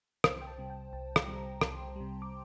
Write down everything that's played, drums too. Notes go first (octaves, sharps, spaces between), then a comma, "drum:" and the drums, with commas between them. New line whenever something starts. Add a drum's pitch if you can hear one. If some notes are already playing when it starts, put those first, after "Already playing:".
C2 C5, drum: rim click
G5
A5
C3 G3
G5
C2 A5
A#5, drum: rim click
C3 G3
A#5
C2 C6, drum: rim click
C3 G3
D6